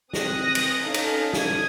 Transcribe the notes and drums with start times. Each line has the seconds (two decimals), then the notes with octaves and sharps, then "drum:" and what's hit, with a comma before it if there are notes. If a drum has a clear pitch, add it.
0.13 C4 D#6 F#6 A#6, drum: snare
0.55 drum: cymbal
0.83 C#4 D#4 A4 F5
0.94 drum: cymbal
1.33 D#6 G#6, drum: snare